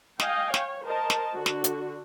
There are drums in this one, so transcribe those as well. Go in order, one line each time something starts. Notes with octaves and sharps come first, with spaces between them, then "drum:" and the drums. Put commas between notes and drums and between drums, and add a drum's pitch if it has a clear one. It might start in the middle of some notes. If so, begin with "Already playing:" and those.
D#5 F5 G5 G#5, drum: snare
C#5, drum: snare
A#4 C5 D#5 A5
drum: snare
D3 F#4
drum: snare
drum: hi-hat